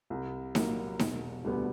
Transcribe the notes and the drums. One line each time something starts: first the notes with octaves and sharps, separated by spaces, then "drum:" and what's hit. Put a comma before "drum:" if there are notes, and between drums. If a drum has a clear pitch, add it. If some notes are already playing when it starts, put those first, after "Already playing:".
C2
A#2 F#3 A#3, drum: snare D#4
E1, drum: snare D#4
D2 D3 G3 B3